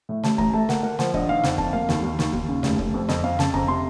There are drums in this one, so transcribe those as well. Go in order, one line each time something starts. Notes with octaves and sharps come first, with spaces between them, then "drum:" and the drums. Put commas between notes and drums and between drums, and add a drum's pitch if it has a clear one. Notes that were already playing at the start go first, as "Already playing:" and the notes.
A2
A1 A5, drum: snare
A1 A#5, drum: kick
A3 A5
A#3 F#5, drum: snare
A#3 F#5
F3 F#5, drum: snare
A#1 D#5, drum: kick
D#3 F5
F2 F#5, drum: snare
F2 A5, drum: kick
A#3 F5
D#2, drum: snare
D#2
D#2, drum: snare
D#2, drum: kick
C#3
F1, drum: snare
F1, drum: kick
F2
F2 D#5, drum: snare
F2 F5
C#3 A5, drum: snare
F2 A#5, drum: kick
C3 C6